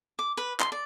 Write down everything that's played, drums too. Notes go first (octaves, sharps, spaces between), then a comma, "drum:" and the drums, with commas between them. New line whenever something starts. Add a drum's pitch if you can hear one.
D6
B4
C6, drum: clap
D5